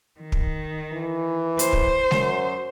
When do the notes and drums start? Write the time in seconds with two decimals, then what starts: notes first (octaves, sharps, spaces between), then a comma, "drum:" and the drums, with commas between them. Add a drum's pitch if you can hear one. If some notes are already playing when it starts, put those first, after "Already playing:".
0.20 D#3
0.32 drum: kick
0.93 E3
1.59 C5, drum: hi-hat
1.73 drum: kick
2.11 F#2, drum: snare G#3